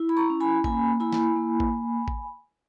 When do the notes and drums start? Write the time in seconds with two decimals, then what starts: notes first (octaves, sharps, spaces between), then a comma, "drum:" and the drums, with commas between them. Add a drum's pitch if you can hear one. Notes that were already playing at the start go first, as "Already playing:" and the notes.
Already playing: E4
0.09 B5
0.17 A#5 C#6
0.30 C#4
0.40 G#5 B5
0.64 A#3 G#5 B5, drum: kick
1.00 E4 G#5 B5
1.12 drum: snare
1.36 A#3
1.60 drum: kick
2.08 drum: kick